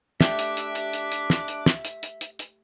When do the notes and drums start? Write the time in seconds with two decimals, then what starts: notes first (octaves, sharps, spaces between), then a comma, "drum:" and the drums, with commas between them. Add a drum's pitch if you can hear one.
0.21 A3 D4 G4 E5 D6 F#6, drum: snare
0.39 drum: hi-hat
0.57 drum: hi-hat
0.75 drum: hi-hat
0.93 drum: hi-hat
1.12 drum: hi-hat
1.30 drum: snare
1.48 drum: hi-hat
1.66 drum: snare
1.85 drum: hi-hat
2.03 drum: hi-hat
2.21 drum: hi-hat
2.39 drum: hi-hat